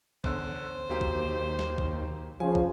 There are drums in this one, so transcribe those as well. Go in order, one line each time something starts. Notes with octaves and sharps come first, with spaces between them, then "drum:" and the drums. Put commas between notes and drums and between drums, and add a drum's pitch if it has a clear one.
E2 D3 C#4 C5, drum: kick
D#2 F#3 A#3 G4
drum: kick
drum: snare
drum: kick
C#3 F3 G#5
drum: kick